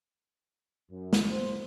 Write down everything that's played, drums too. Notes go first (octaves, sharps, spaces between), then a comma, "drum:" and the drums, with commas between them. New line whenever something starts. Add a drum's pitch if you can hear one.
F#2
drum: snare
C5